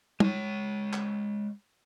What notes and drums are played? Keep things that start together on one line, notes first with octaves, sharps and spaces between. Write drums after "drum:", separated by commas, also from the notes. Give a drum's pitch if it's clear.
G#3 C#5, drum: tom
drum: clap